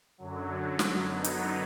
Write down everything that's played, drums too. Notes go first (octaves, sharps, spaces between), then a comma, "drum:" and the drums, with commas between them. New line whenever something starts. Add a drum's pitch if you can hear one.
F#2 D3 F#3
drum: snare
F#2 D3 F#3 B3 D#4
drum: hi-hat